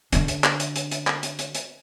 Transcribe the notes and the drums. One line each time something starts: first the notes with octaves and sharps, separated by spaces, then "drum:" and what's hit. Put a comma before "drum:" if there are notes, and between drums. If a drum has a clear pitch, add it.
D3 D4, drum: hi-hat
drum: hi-hat
drum: clap
drum: hi-hat
drum: hi-hat
drum: hi-hat
drum: clap
drum: hi-hat
drum: hi-hat
drum: hi-hat